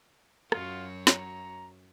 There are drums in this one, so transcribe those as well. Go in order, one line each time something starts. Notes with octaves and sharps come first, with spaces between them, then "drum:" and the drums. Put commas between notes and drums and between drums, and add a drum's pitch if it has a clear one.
F#2 F#3 F4 C#5, drum: rim click
A#5, drum: snare